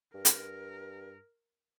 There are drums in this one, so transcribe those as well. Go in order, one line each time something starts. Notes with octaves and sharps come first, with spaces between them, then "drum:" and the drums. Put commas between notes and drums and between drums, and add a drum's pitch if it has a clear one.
G2 A#4
G#2, drum: hi-hat
G2